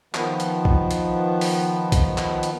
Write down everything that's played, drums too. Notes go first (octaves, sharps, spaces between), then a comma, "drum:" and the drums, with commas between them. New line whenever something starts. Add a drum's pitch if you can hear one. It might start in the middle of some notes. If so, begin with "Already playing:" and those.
D#3 F3 B3, drum: clap
drum: hi-hat
drum: kick A#1
drum: hi-hat
drum: open hi-hat
drum: kick A#1, hi-hat
drum: clap
drum: hi-hat